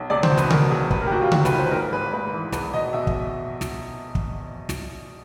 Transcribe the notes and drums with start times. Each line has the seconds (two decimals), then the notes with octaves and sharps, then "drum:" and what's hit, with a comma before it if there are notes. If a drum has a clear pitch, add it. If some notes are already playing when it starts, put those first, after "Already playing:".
Already playing: B1
0.10 C#2 D5
0.23 C5, drum: tom C#3
0.30 B2
0.38 B4, drum: snare
0.50 B2 A#4, drum: tom C#3
0.71 C#2
0.91 F1 B4, drum: kick
1.01 A#4
1.07 G4
1.11 F1 F#4
1.22 F4
1.32 F1 F#4, drum: tom C#3
1.45 B4, drum: snare
1.51 D#3
1.59 C5
1.66 B4
1.71 G#2 A#4
1.92 G#1 B4
2.13 G#2 B4
2.33 E3
2.52 E2 B4, drum: snare
2.73 B2 D#5
2.93 B2 E5
3.07 drum: kick
3.61 drum: snare
4.15 drum: kick
4.69 drum: snare